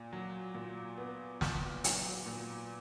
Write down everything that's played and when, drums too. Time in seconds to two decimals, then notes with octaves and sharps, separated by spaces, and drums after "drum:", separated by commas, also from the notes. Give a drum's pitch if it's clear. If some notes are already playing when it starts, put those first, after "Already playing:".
Already playing: A#2
0.13 F#3
0.55 A#2
0.98 B3
1.41 A#2, drum: snare
1.84 F#3, drum: hi-hat
2.26 A#2